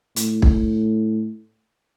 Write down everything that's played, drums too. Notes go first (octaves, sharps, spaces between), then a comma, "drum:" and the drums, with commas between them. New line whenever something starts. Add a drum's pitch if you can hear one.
A2, drum: hi-hat
drum: kick